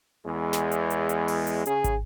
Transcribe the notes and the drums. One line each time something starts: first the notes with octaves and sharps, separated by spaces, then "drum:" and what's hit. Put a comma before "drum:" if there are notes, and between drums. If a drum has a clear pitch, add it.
E2 G#3
drum: snare
drum: hi-hat
drum: hi-hat
drum: hi-hat
drum: open hi-hat
drum: hi-hat
C#3 G#4, drum: hi-hat
drum: kick, hi-hat